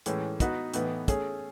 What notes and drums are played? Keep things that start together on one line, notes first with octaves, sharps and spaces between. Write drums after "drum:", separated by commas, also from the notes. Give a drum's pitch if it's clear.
A2 E3 G#3 C#4, drum: hi-hat
B3 D#4 F#4 B4, drum: kick, hi-hat
A2 E3 B3 D#4, drum: hi-hat
A3 C#4 G#4, drum: kick, hi-hat